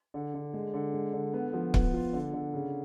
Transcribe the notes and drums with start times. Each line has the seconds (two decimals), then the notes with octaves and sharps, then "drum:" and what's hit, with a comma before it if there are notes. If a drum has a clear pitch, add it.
0.14 D3
0.34 D3
0.54 G#3
0.74 D3
0.94 G#3
1.13 D3
1.33 B3
1.53 F3
1.74 B3, drum: kick C#1
1.93 F4
2.13 D3
2.33 D3
2.54 C#3